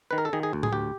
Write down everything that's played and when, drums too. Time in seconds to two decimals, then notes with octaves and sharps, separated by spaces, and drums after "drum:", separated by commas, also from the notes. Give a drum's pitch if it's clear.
0.11 D#3 B4
0.18 A#4
0.25 A4
0.33 D#3 G#4
0.43 G#4
0.53 D2
0.63 G#4, drum: tom A2
0.73 D2 G4